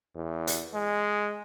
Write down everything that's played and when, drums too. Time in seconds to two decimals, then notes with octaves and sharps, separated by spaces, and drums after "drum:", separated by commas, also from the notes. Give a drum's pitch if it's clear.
0.15 E2
0.47 drum: hi-hat
0.74 G#3